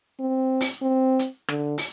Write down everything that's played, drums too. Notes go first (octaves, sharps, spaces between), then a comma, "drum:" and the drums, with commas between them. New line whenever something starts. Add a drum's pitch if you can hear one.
C4
drum: open hi-hat
C4
drum: hi-hat
D3, drum: rim click
drum: open hi-hat